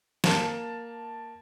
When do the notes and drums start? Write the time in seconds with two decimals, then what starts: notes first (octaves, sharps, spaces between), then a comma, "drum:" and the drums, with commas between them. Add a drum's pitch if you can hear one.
0.24 A#3 A5, drum: snare